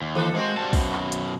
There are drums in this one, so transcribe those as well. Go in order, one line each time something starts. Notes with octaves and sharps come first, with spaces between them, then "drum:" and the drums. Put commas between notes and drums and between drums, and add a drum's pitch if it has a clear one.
D#2
E3 A4
G#3 A#3 C4 F#4
G3 A5
F#2 B2, drum: kick, open hi-hat
drum: clap
drum: hi-hat